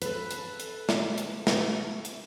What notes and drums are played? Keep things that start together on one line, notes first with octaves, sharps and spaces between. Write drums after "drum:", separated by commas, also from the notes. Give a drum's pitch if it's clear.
A4 B4, drum: hi-hat
drum: hi-hat
drum: hi-hat
drum: snare
drum: hi-hat
drum: snare
drum: hi-hat